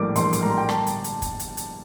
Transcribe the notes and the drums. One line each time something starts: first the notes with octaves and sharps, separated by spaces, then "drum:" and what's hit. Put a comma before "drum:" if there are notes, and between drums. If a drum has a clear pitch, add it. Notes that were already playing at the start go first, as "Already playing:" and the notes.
Already playing: A#1 A2 G3 A#3 D6
A#1 C6, drum: hi-hat
C6, drum: hi-hat
A2 G3 A#3 A#5
G5
G1 A5, drum: rim click
drum: hi-hat
drum: hi-hat
drum: kick, hi-hat
drum: hi-hat
drum: hi-hat